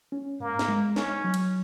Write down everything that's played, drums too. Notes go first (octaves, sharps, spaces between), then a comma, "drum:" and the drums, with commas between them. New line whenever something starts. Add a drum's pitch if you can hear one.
C#4
G#2 A#3
drum: snare
G#3
C#4 D#4, drum: snare
F#3
drum: cymbal